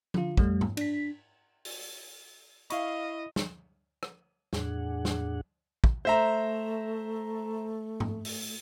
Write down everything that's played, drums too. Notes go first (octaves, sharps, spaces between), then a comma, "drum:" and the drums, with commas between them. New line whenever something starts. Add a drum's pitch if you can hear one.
D3 F4, drum: tom F3
F2 G3 A3, drum: kick
drum: tom G#2
D4 B6, drum: cymbal
drum: open hi-hat
E4 D#5 F5 B5 C#6, drum: hi-hat
drum: snare
drum: rim click
E2 A2 D4 G#4 F#5, drum: snare
drum: snare
drum: kick
A3 C5 E5 A#5
drum: tom G#2
drum: open hi-hat